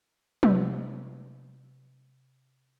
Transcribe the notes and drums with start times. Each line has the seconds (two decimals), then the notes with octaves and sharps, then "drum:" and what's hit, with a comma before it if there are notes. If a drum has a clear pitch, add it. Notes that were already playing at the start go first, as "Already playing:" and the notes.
0.43 C3 G4 B4, drum: tom